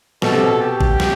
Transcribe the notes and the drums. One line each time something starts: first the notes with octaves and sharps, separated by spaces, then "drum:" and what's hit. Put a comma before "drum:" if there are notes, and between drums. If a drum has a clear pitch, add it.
B2 A4, drum: snare
C3
B2
G4
drum: kick G#1
drum: snare